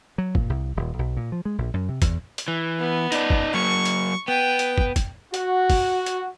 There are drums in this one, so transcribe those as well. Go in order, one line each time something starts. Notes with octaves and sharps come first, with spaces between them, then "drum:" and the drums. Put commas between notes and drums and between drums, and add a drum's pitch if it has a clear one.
F#3
A#2, drum: kick
C2
D#1
B1
A#2
F3
G#3
A#1
F#2
C3
E2, drum: kick, hi-hat
drum: hi-hat
E3
B3
D#4 D5, drum: hi-hat
drum: kick
F#3 A#3 C#6
drum: hi-hat
B3 G5
drum: hi-hat
drum: kick
drum: kick, hi-hat
F#4, drum: hi-hat
drum: kick, open hi-hat
drum: hi-hat